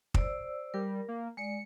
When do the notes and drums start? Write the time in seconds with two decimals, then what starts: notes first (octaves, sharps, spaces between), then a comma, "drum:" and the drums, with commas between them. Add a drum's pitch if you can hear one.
0.14 C5 D5 E6, drum: kick
0.74 G3 A#4
1.08 A#3
1.37 G#3 D5 C#7